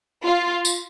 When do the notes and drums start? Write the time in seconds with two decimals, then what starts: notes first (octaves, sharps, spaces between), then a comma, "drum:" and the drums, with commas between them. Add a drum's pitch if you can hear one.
0.24 F4
0.65 drum: tambourine